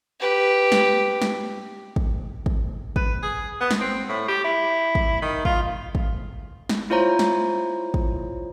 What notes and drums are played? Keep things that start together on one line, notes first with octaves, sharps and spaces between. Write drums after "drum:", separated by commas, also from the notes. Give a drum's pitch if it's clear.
G4 B4
drum: snare
drum: snare
drum: kick
drum: kick
B4, drum: kick
G#4
B3
drum: snare
C4
A2
G4
E4
drum: kick
D#3
F4, drum: kick
drum: kick
drum: snare
E4 F4 C5 C#5 A#5
drum: snare
drum: kick